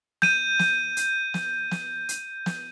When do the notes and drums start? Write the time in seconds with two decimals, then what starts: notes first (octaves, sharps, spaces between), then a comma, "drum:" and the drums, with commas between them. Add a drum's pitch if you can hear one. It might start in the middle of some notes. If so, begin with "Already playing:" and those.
0.22 G6 D#7, drum: snare
0.59 drum: snare
0.97 drum: hi-hat
1.34 drum: snare
1.71 drum: snare
2.09 drum: hi-hat
2.46 drum: snare